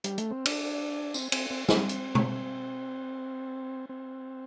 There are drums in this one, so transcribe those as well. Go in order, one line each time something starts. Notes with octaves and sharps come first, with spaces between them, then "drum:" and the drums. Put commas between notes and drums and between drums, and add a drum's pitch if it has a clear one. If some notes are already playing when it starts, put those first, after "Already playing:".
G3, drum: hi-hat
A3, drum: hi-hat
C4
D4, drum: cymbal
C4, drum: tambourine
C4, drum: cymbal
C4
C4, drum: snare
drum: hi-hat
drum: tom
C4